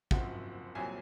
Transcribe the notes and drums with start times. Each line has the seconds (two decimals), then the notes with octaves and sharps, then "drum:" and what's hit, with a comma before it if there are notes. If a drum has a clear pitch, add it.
0.11 F#1 F#2 F3 C4 F#5, drum: kick
0.75 C2 A#2 F#3 C4 G#5